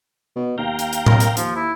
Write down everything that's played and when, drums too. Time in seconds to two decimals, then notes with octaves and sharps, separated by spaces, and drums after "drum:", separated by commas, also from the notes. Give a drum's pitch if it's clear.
0.36 B2
0.58 D#2 F5 G5 A#5
0.79 drum: hi-hat
0.93 drum: hi-hat
1.06 A#4, drum: tom A2
1.20 drum: hi-hat
1.37 D#2 F3, drum: hi-hat
1.56 E4